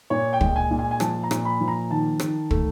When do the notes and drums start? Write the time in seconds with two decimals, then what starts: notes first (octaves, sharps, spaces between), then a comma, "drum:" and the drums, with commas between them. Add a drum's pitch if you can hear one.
0.10 A#2 C#5
0.33 G5
0.41 G#3, drum: kick
0.56 G#5
0.71 A#2
0.79 G#5
0.91 G#5
1.00 F3 A5, drum: rim click
1.23 A#5
1.31 A#2, drum: rim click
1.45 B5
1.61 F3
1.68 A#5
1.90 D#3 A5
2.20 D#3, drum: rim click
2.51 A3, drum: kick